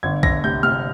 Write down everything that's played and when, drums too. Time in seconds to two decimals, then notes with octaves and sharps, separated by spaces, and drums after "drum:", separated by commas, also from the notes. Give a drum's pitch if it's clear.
0.03 G1 G#6
0.23 G1 A#6, drum: kick A#1
0.44 C3 G6
0.63 C3 F6